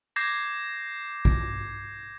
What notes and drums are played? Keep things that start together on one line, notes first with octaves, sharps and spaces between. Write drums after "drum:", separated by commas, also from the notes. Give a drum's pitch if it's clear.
D6 G6 G#6 A#6 C7, drum: tambourine
drum: kick